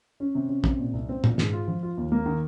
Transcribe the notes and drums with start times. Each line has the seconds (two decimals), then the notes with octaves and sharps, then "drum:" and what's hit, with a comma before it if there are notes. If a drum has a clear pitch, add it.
0.20 C#4
0.35 C3
0.49 C#4
0.64 C3, drum: kick
0.79 A#2
0.93 C2
1.09 C4
1.24 A#2, drum: tom A2
1.38 G#2, drum: snare
1.53 F4
1.68 F3
1.83 F4
1.97 D#2
2.12 A#3
2.26 D#3